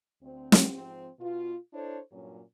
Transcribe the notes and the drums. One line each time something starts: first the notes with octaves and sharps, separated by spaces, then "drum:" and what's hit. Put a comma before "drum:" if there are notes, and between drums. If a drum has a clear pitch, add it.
D2 C4
drum: snare
G#2 F3 C4
B2 F4
D4 E4 A4 C5 C#5
G2 A#2 F#3 C#4